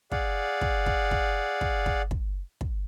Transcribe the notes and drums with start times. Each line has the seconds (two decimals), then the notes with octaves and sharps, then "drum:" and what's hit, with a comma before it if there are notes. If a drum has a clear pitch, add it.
0.12 G#4 D5 F5 F#5, drum: kick
0.61 drum: kick
0.86 drum: kick
1.11 drum: kick
1.61 drum: kick
1.86 drum: kick
2.11 drum: kick
2.61 drum: kick